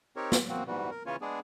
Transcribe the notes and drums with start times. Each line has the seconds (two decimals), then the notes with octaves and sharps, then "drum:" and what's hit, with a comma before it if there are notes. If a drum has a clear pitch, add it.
0.16 C4 D#4 G4 A#4 C#5
0.32 drum: snare
0.49 A#3 C4 F#4
0.67 G#2 E3 G3 F#4
0.91 A#4
1.06 C#3 E3 C#4 F4 C#5
1.21 G#3 B3 D4 G#4